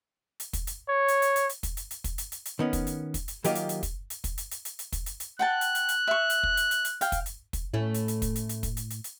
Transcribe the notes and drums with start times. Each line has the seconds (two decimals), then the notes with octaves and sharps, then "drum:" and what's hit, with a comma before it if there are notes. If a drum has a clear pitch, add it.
0.40 drum: hi-hat
0.53 drum: kick, hi-hat
0.67 drum: hi-hat
0.89 C#5
1.08 drum: hi-hat
1.22 drum: hi-hat
1.36 drum: hi-hat
1.49 drum: hi-hat
1.63 drum: kick, hi-hat
1.77 drum: hi-hat
1.91 drum: hi-hat
2.04 drum: kick, hi-hat
2.18 drum: hi-hat
2.32 drum: hi-hat
2.45 drum: hi-hat
2.59 D#3 B3 C#4
2.73 drum: kick, hi-hat
2.87 drum: hi-hat
3.14 drum: kick, hi-hat
3.28 drum: hi-hat
3.44 D#3 F#3 A#3 F4 G4 D#5, drum: hi-hat
3.55 drum: hi-hat
3.69 drum: hi-hat
3.83 drum: kick, hi-hat
4.10 drum: hi-hat
4.24 drum: kick, hi-hat
4.38 drum: hi-hat
4.51 drum: hi-hat
4.65 drum: hi-hat
4.79 drum: hi-hat
4.92 drum: kick, hi-hat
5.06 drum: hi-hat
5.20 drum: hi-hat
5.39 F#5 G5 A5 F#6
5.61 drum: hi-hat
5.75 drum: hi-hat
5.89 drum: hi-hat
6.07 E5 C#6
6.30 drum: hi-hat
6.43 drum: kick
6.57 drum: hi-hat
6.71 drum: hi-hat
6.85 drum: hi-hat
7.01 F5 G5, drum: hi-hat
7.12 drum: kick, hi-hat
7.26 drum: hi-hat
7.53 drum: kick, hi-hat
7.74 A2 A3 C#4 E4
7.94 drum: hi-hat
8.08 drum: hi-hat
8.22 drum: kick, hi-hat
8.36 drum: hi-hat
8.49 drum: hi-hat
8.63 drum: kick, hi-hat
8.77 drum: hi-hat
8.90 drum: hi-hat
9.04 drum: hi-hat